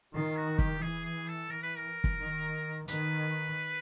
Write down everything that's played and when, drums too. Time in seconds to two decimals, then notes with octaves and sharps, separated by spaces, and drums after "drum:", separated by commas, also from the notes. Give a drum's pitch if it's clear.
0.13 D#3 F4
0.36 F#4
0.59 G4, drum: kick
0.82 E3 G#4
1.05 G#4
1.28 A4
1.50 E3 A#4
1.63 B4
1.76 A#4
2.04 drum: kick
2.19 D#3
2.88 D#3 B4, drum: hi-hat